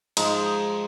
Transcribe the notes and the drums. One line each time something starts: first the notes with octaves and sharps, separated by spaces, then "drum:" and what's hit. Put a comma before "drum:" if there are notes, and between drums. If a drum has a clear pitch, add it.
G#2 F3 D#4, drum: cymbal